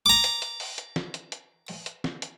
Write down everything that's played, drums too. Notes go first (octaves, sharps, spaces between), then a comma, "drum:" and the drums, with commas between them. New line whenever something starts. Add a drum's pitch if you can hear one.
A#5 D6
drum: hi-hat
drum: hi-hat
drum: open hi-hat
drum: hi-hat
drum: snare
drum: hi-hat
drum: hi-hat
drum: open hi-hat
drum: hi-hat
drum: snare
drum: hi-hat